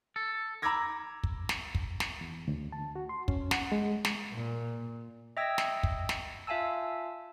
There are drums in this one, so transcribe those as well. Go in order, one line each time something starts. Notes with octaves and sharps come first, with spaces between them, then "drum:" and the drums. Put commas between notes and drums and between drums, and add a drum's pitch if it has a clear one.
A4
A#5 B5 D6 E6 G#6 A#6
drum: kick
drum: snare
drum: kick
drum: snare
E2
D2
A5
F#4
C6
C#4, drum: kick
F#5, drum: snare
G#3
drum: snare
A#2
D#5 E5 G5 E6 G#6 A#6
drum: snare
drum: kick
drum: snare
F4 E5 F5 G#5 A5 E6